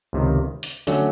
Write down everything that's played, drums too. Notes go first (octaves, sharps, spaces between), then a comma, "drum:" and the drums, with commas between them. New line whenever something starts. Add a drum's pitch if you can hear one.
C#2 C3 D#3
drum: hi-hat
D3 F#3 A3 C#4 F#4, drum: hi-hat